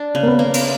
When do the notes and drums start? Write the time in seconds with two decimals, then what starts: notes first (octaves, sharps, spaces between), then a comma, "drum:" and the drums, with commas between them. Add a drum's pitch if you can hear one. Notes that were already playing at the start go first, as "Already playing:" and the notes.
Already playing: D4
0.15 C#3
0.23 A#3
0.28 B3
0.39 A#3
0.54 drum: cymbal